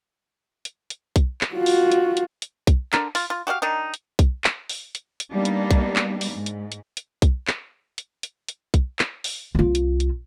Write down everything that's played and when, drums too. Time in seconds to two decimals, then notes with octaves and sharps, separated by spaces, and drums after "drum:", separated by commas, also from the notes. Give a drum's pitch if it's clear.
0.65 drum: hi-hat
0.90 drum: hi-hat
1.16 drum: kick B1, hi-hat
1.41 drum: clap
1.54 F4 F#4
1.66 drum: open hi-hat
1.91 drum: hi-hat
2.17 drum: hi-hat
2.42 drum: hi-hat
2.67 drum: kick B1, hi-hat
2.93 D3 D4 A#4, drum: clap
3.15 F4, drum: open hi-hat
3.30 F4
3.47 F#4 G4 D5 F5
3.62 D#3 D4 D#4
3.94 drum: hi-hat
4.19 drum: kick B1, hi-hat
4.44 drum: clap
4.69 drum: open hi-hat
4.95 drum: hi-hat
5.20 drum: hi-hat
5.31 G3 A#3 B3 D4 D#4
5.45 drum: hi-hat
5.71 drum: kick B1, hi-hat
5.96 drum: clap
6.21 drum: open hi-hat
6.31 G#2
6.46 drum: hi-hat
6.72 drum: hi-hat
6.97 drum: hi-hat
7.22 drum: kick B1, hi-hat
7.47 drum: clap
7.98 drum: hi-hat
8.23 drum: hi-hat
8.49 drum: hi-hat
8.74 drum: kick B1, hi-hat
8.99 drum: clap
9.24 drum: open hi-hat
9.55 C2 F4
9.75 drum: hi-hat
10.00 drum: hi-hat